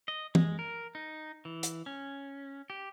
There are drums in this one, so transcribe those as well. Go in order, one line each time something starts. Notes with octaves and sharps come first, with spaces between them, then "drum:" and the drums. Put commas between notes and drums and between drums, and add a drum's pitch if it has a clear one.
D#5
G#3, drum: tom E3
A#4
D#4
E3
drum: hi-hat
C#4
G4